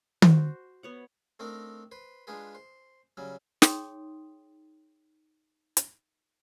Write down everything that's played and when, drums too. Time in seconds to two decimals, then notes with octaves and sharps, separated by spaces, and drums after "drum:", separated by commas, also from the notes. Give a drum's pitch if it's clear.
0.22 F#4 C5, drum: tom D#3
0.83 B3 C#5 F#5
1.39 A3 C4 D4 D#4 A#4
1.92 B4 C5
2.27 G#3 D4 F4 G#4 B4
2.55 C5
3.17 C#3 F#3 G3 C#4
3.62 D#4 G#4 C#5 G5 C6 D#6, drum: snare
5.77 drum: hi-hat